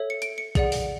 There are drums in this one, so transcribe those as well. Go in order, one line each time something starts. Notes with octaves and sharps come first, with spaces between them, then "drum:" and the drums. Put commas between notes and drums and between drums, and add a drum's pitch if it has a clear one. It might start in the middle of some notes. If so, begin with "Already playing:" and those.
Already playing: A4 C#5 E5
C#7
D7, drum: hi-hat
C#7
G#4 D5 F#5, drum: kick, hi-hat
drum: open hi-hat